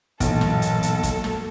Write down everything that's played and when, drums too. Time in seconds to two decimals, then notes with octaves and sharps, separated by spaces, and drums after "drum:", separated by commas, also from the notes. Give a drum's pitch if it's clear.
0.20 B1 G2 A#2 E3 F#3 A#3 A4, drum: kick, hi-hat
0.41 drum: snare
0.62 drum: hi-hat
0.83 drum: hi-hat
1.03 drum: kick, hi-hat
1.24 drum: snare